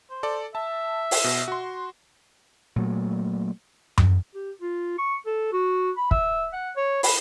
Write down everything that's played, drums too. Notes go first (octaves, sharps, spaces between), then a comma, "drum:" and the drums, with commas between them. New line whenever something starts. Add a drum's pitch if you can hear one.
C5
A4 D5
E5 A5
drum: open hi-hat
B2
F#4 C6
A#2 F#3 A3
drum: tom F#2
G4
F4
C#6
A4
F#4
B5
E5, drum: kick
F#5
C#5
B5, drum: open hi-hat